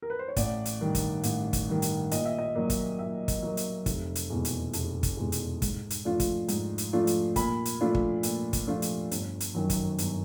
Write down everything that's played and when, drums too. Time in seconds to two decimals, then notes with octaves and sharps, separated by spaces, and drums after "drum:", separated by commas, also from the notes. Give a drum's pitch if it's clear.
0.02 A#4
0.10 B4
0.19 C5
0.28 C#5
0.36 A1 D5, drum: kick, hi-hat
0.65 drum: hi-hat
0.80 G2 D#3
0.95 drum: kick, hi-hat
1.23 A1, drum: hi-hat
1.53 drum: kick, hi-hat
1.68 G2 D#3
1.82 drum: hi-hat
2.11 A#2 D#5, drum: hi-hat
2.25 E5
2.39 D#5
2.55 F#3 A#3 D5
2.70 drum: kick, hi-hat
2.99 A#2 E5
3.28 drum: kick, hi-hat
3.43 F#3 A#3
3.57 drum: hi-hat
3.86 F1, drum: kick, hi-hat
4.15 drum: hi-hat
4.30 E2 B2 G#3
4.45 drum: hi-hat
4.73 F1 A5, drum: hi-hat
5.03 drum: kick, hi-hat
5.17 E2 B2 G#3
5.32 drum: hi-hat
5.62 G#2, drum: kick, hi-hat
5.90 drum: hi-hat
6.05 F3 A3 D4 F4
6.20 drum: kick, hi-hat
6.48 G#2, drum: hi-hat
6.78 drum: hi-hat
6.93 F3 A3 D4 F4
7.07 drum: hi-hat
7.36 A#2 B5, drum: kick, hi-hat
7.65 drum: hi-hat
7.81 F3 A3 D4 F4
7.95 drum: kick
8.23 A#2, drum: hi-hat
8.53 drum: kick, hi-hat
8.67 F3 A3 D4 F4
8.82 drum: hi-hat
9.11 G1, drum: hi-hat
9.40 drum: hi-hat
9.55 F#2 D#3 F#3
9.70 drum: kick, hi-hat
9.98 G1, drum: hi-hat